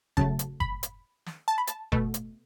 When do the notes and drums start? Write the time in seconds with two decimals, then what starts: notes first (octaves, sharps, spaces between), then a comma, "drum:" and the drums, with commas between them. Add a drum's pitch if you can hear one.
0.17 C#3 F#3 A3 A5, drum: kick F#1
0.39 drum: hi-hat
0.60 B5, drum: kick F#1
0.83 drum: hi-hat
1.26 drum: snare
1.48 A5
1.58 B5
1.67 A5, drum: hi-hat
1.92 B2 A3, drum: kick F#1
2.14 drum: hi-hat